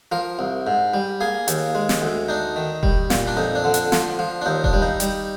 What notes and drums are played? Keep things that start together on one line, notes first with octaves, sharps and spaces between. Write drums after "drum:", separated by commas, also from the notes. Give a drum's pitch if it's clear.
F3 A#4
C2
G#2
G3
A#3 G#4
D#2, drum: hi-hat
G#3
drum: snare
D2
D4 D#4
D#3
G3, drum: kick E1
A#2, drum: snare
D4
F2 D#4
D4
D3
D4, drum: hi-hat
F3, drum: snare
F3
D4
D#2 D#4
D4, drum: kick E1
G3
D#4
G3, drum: hi-hat